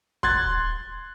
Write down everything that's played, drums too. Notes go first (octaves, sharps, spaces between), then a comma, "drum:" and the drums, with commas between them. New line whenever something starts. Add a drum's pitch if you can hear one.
C6 F#6 G#6 A6, drum: kick